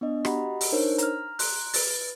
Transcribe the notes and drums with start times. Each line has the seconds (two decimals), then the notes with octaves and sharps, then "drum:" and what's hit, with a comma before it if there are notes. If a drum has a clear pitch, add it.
0.01 B3 D4 D#5
0.25 F#4 G4 D#5 F#5 A#5 B5, drum: rim click
0.61 drum: open hi-hat
0.72 D4 D#4 A#4 C5 C#5
0.98 A#5 F6, drum: hi-hat
1.39 A#5 C6 F#6, drum: open hi-hat
1.74 B4 A6, drum: open hi-hat